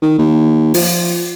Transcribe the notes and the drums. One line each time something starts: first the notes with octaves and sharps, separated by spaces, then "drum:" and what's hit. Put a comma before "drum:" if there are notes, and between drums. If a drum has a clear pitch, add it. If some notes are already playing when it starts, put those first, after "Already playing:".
D#3
D#2
F3, drum: open hi-hat